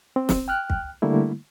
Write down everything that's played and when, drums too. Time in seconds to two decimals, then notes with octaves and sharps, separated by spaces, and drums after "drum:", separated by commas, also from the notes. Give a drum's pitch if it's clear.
0.16 C4
0.29 drum: snare
0.48 G5 F6 F#6
0.70 drum: kick
1.02 D3 G3 A3 A#3 E4